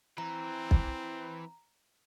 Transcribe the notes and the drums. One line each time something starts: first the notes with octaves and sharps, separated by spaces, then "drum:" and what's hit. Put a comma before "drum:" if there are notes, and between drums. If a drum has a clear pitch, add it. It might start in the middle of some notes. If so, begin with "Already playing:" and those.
E3 C4 A#5
drum: kick